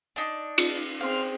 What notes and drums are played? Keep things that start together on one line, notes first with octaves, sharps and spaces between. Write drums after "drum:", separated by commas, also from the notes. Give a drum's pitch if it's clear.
D4 D#4
drum: cymbal
C4 G#4 F5 C6